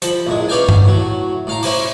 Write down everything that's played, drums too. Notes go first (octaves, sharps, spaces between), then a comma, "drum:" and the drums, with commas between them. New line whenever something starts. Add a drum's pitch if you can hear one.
F3 B5, drum: hi-hat
A#1 A2 G#3
C#4 B4 D5 F5 G5 G#5
drum: tom G2
A2 F#3
A2 F5 A#5
C#4 E4 C5 G#5 B5 D6, drum: open hi-hat